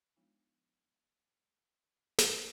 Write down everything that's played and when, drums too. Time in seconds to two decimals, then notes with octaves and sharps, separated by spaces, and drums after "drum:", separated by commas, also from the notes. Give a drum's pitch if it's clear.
0.16 F3 G#3 B3 D4 D#4 F4
2.18 drum: snare